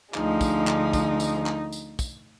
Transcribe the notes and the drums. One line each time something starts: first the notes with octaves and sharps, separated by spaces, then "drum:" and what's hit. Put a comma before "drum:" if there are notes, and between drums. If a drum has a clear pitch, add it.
D2 D3 F3 G#3 D#4, drum: clap
drum: kick, tambourine
drum: clap
drum: kick, tambourine
drum: tambourine
drum: clap
drum: tambourine
drum: kick, tambourine